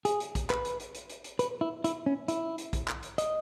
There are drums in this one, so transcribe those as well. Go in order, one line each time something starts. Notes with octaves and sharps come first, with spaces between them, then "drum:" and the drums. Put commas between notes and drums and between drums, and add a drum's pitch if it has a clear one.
G#4, drum: hi-hat
drum: hi-hat
drum: kick, hi-hat
B4, drum: clap
drum: hi-hat
drum: hi-hat
drum: hi-hat
drum: hi-hat
drum: hi-hat
B4, drum: hi-hat
E4
E4, drum: hi-hat
C#4
E4, drum: hi-hat
drum: hi-hat
drum: kick, hi-hat
drum: clap
drum: hi-hat
D#5, drum: hi-hat